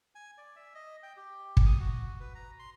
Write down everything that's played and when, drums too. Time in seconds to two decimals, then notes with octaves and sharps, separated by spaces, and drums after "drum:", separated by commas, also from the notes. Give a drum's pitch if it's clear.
0.15 G#5
0.38 D5
0.56 E5
0.74 D#5
1.03 G5
1.17 G4
1.57 drum: kick
1.66 D#6
1.80 F#4
2.20 B4
2.35 A#5
2.59 C6